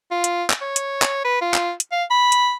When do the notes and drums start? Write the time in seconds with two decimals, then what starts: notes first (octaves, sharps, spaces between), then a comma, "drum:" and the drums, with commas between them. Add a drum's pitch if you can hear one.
0.11 F4
0.24 drum: hi-hat
0.50 drum: clap
0.61 C#5
0.76 drum: hi-hat
1.02 drum: clap
1.24 B4
1.41 F4
1.54 drum: clap
1.80 drum: hi-hat
1.92 F5
2.10 B5
2.32 drum: hi-hat